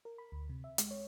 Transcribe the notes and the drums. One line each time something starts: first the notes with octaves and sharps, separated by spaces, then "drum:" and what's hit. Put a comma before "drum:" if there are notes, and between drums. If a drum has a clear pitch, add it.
A#4
B5
D2
C3
E5
G#3, drum: hi-hat
C#5